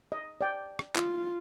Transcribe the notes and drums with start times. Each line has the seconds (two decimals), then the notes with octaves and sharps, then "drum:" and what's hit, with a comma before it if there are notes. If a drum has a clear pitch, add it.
0.12 D#5
0.41 D5 G5
0.79 drum: rim click
0.96 F4, drum: clap